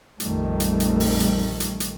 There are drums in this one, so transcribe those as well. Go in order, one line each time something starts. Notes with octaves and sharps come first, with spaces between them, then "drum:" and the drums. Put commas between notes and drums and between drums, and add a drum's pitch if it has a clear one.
A#1 F2 D#3 G3 A3, drum: hi-hat
drum: hi-hat
drum: hi-hat
drum: open hi-hat
drum: hi-hat
drum: hi-hat
drum: hi-hat